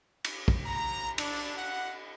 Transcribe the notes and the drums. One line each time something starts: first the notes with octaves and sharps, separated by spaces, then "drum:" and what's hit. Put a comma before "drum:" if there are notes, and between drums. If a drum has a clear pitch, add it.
drum: cymbal
drum: kick
A#5
D4, drum: cymbal
F#5